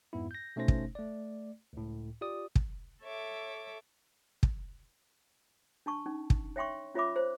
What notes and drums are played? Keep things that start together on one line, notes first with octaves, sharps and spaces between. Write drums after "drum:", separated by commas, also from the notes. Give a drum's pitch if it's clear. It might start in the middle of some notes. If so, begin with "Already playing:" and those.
F2 G#2 B3 E4
G6 A#6
B2 A3 C#4 D#4 C5 A#6
drum: kick
A3 D5
C#2 A2
F4 G4 D5 D#6
drum: kick
A4 C#5 E5 D6
drum: kick
D4 A5 C#6
C#4 D#4
drum: kick
C#5 E5 G5 C6 C#6
C#4 F4 C#5 E5 B5 D6
C5 C#5